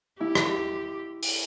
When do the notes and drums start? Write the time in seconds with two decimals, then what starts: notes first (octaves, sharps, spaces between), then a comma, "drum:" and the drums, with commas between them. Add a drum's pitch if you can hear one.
0.20 E4 G4
0.35 drum: rim click
1.23 drum: open hi-hat